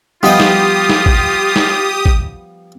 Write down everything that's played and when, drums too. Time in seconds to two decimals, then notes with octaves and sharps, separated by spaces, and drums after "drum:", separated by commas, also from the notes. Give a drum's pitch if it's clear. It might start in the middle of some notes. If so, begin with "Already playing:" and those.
0.23 F3 G3 B3 F4 G4 D#5 D#6
0.40 drum: snare
0.89 drum: snare
1.06 drum: kick
1.56 drum: snare
2.05 drum: kick